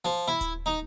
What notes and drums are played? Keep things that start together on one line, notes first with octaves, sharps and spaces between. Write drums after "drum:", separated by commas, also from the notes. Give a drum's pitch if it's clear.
F3, drum: open hi-hat
E4
drum: kick D1, hi-hat
D#4